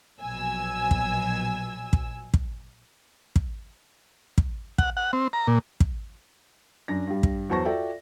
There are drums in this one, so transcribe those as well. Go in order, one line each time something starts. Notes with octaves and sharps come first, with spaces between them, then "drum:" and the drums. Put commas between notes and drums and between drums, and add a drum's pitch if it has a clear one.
A#1 B2 F#3 G#5 E6
drum: kick
drum: kick
drum: kick
drum: kick
drum: kick
F#5, drum: kick
F#5
C4
A#5
A#2
drum: kick
F#2 D4 A#6
G2 G3
drum: kick
E2 F#3 C5 A5 C#6 A#6
F4 F#4 A4 D5 E5 G5